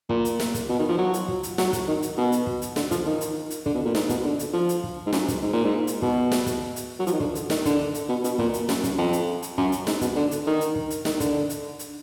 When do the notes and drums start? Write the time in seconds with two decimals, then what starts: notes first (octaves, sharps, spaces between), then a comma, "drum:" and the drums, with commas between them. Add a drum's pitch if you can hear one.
0.09 A#2, drum: kick
0.25 drum: hi-hat
0.40 drum: snare
0.54 drum: kick, hi-hat
0.69 B2
0.79 D#3
0.89 F3
0.98 F#3
1.14 drum: hi-hat
1.28 drum: kick
1.43 drum: hi-hat
1.58 F#3, drum: snare
1.73 drum: kick, hi-hat
1.88 D#3
2.02 drum: hi-hat
2.17 B2
2.32 drum: hi-hat
2.47 drum: kick
2.62 drum: hi-hat
2.76 D3, drum: snare
2.91 F3, drum: kick, hi-hat
3.06 D#3
3.21 drum: hi-hat
3.50 drum: hi-hat
3.66 D3, drum: kick
3.74 B2
3.85 A#2
3.95 G#2, drum: snare
4.09 B2, drum: kick, hi-hat
4.25 D3
4.39 drum: hi-hat
4.53 F3
4.69 drum: hi-hat
4.84 drum: kick
5.07 G#2
5.13 F#2, drum: snare
5.28 F#2, drum: kick, hi-hat
5.42 G#2
5.53 A#2
5.64 G#2
5.87 drum: hi-hat
6.02 B2, drum: kick
6.32 drum: snare
6.46 drum: kick, hi-hat
6.76 drum: hi-hat
7.00 F#3
7.07 F3, drum: hi-hat
7.13 D#3
7.20 D3, drum: kick
7.35 drum: hi-hat
7.50 D#3, drum: snare
7.65 D3, drum: kick, hi-hat
7.94 drum: hi-hat
8.09 B2
8.24 B2, drum: hi-hat
8.38 A#2, drum: kick
8.54 drum: hi-hat
8.69 F#2, drum: snare
8.84 F#2, drum: kick, hi-hat
8.98 F2
9.13 drum: hi-hat
9.42 drum: hi-hat
9.58 F#2, drum: kick
9.72 drum: hi-hat
9.87 G#2, drum: snare
10.01 B2, drum: kick, hi-hat
10.16 D3
10.31 drum: hi-hat
10.47 D#3
10.61 drum: hi-hat
10.76 drum: kick
10.90 drum: hi-hat
11.05 D#3, drum: snare
11.20 D3, drum: kick, hi-hat
11.50 drum: hi-hat
11.79 drum: hi-hat